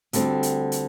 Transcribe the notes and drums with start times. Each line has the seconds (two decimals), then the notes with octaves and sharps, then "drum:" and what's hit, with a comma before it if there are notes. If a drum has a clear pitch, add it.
0.13 D2 D3 G3 C4, drum: hi-hat
0.43 drum: hi-hat
0.72 drum: hi-hat